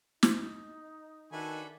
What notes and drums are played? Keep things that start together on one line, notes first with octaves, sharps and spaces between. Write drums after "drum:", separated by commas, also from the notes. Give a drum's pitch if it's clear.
D#4, drum: snare
D#3 D4 F#4 A4 B4 E5 G#5